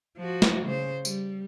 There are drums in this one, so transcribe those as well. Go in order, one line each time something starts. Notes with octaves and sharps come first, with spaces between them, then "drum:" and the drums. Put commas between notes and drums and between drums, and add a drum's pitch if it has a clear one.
F3 F#4
drum: snare
C#3 C5
G3, drum: tambourine